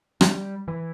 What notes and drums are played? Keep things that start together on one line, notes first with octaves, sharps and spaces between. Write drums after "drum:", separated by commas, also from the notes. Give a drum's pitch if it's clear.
G3, drum: rim click
E3